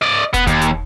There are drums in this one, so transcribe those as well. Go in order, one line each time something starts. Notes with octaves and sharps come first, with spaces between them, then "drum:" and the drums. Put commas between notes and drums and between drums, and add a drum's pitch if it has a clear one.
D5 D#5
B3, drum: kick, hi-hat
D#2, drum: kick, hi-hat
drum: hi-hat